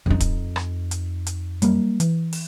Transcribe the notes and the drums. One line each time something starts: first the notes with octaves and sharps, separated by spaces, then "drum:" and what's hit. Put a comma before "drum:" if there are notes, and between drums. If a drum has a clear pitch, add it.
F2 D#4
drum: kick, hi-hat
drum: rim click
drum: hi-hat
drum: hi-hat
F#3 G3 A#3, drum: hi-hat
E3, drum: hi-hat
drum: open hi-hat